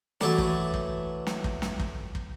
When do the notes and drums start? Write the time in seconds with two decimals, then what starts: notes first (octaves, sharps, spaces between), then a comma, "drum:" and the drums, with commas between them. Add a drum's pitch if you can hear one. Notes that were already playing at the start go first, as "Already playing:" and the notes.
0.21 E3 F#3 A3 A4 D5, drum: snare
0.38 drum: kick
0.74 drum: kick
1.27 drum: snare
1.44 drum: kick
1.62 drum: snare
1.80 drum: kick
2.15 drum: kick